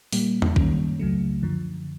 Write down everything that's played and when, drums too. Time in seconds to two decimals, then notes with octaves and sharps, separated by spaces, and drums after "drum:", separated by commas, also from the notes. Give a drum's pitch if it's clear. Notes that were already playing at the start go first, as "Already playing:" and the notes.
0.13 A#2 G3 A#3, drum: open hi-hat
0.42 drum: tom E2
0.56 F#2 D#3 G3 A#3 C#4, drum: kick B1
0.99 C#2 C#3 F#3 A3
1.43 F#2 D3 F3